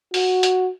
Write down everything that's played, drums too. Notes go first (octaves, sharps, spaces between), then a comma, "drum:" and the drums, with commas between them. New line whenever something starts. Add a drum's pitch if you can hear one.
F#4, drum: open hi-hat
drum: hi-hat